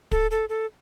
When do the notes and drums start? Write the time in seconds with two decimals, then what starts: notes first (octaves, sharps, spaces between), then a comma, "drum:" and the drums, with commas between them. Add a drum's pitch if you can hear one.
0.11 A4, drum: kick
0.31 A4
0.49 A4